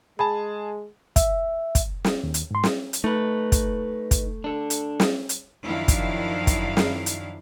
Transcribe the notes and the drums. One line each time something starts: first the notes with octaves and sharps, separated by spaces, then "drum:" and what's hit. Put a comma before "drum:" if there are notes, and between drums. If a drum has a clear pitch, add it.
G#3 G#4 G#5 A5 B5
E5, drum: kick, hi-hat
drum: kick, hi-hat
drum: snare
D#2
drum: hi-hat
G#2 C6
drum: snare
drum: hi-hat
A3 D#4 B4
drum: kick, hi-hat
drum: kick, hi-hat
D4 A4
drum: hi-hat
drum: snare
drum: hi-hat
F#2 D#3 F3 D4 E4 F5
drum: kick, hi-hat
drum: kick, hi-hat
drum: snare
drum: hi-hat